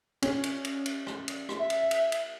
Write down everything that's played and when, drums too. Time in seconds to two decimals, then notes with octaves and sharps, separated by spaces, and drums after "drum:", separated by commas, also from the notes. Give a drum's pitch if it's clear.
0.22 C#4, drum: cymbal
0.44 drum: cymbal
0.65 drum: cymbal
0.86 drum: cymbal
1.07 drum: rim click
1.28 drum: cymbal
1.49 drum: rim click
1.59 E5
1.70 drum: cymbal
1.91 drum: cymbal
2.12 drum: cymbal